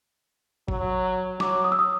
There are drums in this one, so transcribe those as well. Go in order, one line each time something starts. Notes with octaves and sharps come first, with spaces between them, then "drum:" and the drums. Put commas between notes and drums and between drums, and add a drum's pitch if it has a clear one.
F#3, drum: kick G#1
F#3 D6, drum: snare
D#6
E6
D#6